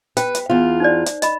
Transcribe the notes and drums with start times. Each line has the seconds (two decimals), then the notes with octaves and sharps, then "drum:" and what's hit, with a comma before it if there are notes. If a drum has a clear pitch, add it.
0.17 B4 G5, drum: hi-hat
0.35 drum: hi-hat
0.50 E2 F4
0.80 D#4 C5 D5
1.06 drum: hi-hat
1.22 D#5 B5, drum: hi-hat